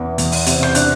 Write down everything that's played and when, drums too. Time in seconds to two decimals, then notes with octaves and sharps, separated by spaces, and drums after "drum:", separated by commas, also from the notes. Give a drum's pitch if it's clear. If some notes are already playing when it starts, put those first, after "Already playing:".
Already playing: E2 E3
0.18 E2, drum: hi-hat
0.32 drum: open hi-hat
0.46 C3, drum: hi-hat
0.63 G6, drum: rim click
0.75 D4 F#6, drum: hi-hat